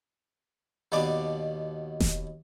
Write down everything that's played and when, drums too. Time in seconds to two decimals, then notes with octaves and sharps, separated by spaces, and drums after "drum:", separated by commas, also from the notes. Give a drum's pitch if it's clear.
0.92 D#2 B2 B3 D5 G#5 D6
2.00 drum: snare E1